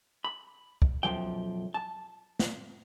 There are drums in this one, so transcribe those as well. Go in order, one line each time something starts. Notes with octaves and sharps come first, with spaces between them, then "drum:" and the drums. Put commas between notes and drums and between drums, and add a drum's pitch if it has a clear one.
B5
drum: kick
B1 F#2 C#3 F3 G5
A5
drum: snare